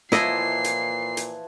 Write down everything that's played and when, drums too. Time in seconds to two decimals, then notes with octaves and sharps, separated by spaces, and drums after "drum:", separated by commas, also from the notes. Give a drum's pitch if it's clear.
0.12 A#2 E3 F3 E4 D#5 C7, drum: snare
0.64 drum: hi-hat
1.17 drum: hi-hat